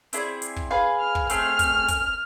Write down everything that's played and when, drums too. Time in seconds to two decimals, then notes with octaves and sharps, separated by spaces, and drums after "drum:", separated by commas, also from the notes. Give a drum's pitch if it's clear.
0.13 C4 E4 G#4 D5, drum: hi-hat
0.42 drum: hi-hat
0.56 drum: kick
0.71 G#4 B4 F5 G#5
1.00 F6
1.15 drum: kick
1.30 A3 C4 G#4 F6, drum: hi-hat
1.59 drum: kick, hi-hat
1.88 drum: kick, hi-hat